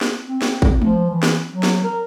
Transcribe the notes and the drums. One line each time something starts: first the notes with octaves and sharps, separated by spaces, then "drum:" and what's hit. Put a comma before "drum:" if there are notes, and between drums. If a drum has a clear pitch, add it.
drum: snare
C4
drum: snare
drum: kick
F3, drum: tom G#3
E3
drum: snare
F#3
drum: snare
A#4